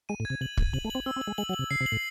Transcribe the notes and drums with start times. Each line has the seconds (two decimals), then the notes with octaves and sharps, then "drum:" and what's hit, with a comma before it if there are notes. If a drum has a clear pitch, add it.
0.09 G#3 D#7
0.20 A2
0.25 G#6
0.30 C3
0.41 C3 F#7
0.57 A2 G#6, drum: kick
0.73 C3 F#7
0.85 A3
0.90 C4 F#7
1.06 C4 E6
1.16 C4
1.21 F#7
1.27 G#3
1.38 G#3 F#7
1.49 F#3
1.53 F#7
1.59 C3
1.71 C#3 C7
1.81 C3
1.86 F#7
1.92 A2